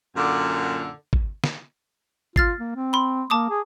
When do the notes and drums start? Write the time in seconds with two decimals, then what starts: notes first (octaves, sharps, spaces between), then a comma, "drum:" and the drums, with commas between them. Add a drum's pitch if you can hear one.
0.16 F#2 A#2 D3
1.13 drum: kick
1.44 drum: snare
2.36 F4 F6 A6 C7, drum: kick
2.59 A#3
2.76 C4
2.93 B5 C6
3.30 A#3 A5 D6 D#6
3.50 G#4